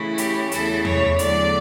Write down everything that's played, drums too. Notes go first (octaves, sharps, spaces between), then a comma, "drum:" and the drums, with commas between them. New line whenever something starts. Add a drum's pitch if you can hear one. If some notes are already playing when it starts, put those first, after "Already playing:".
Already playing: C#3 E3 A3 C#4 E4
G4, drum: hi-hat
E2 C#3 E3 A3 E4 A4, drum: hi-hat
C#5, drum: tom E2
E2 D3 F#3 A3 D5, drum: hi-hat